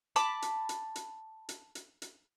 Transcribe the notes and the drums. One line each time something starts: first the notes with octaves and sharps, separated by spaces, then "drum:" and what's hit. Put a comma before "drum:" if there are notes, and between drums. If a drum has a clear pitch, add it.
A5 B5 D6, drum: hi-hat
drum: hi-hat
drum: hi-hat
drum: hi-hat
drum: hi-hat
drum: hi-hat
drum: hi-hat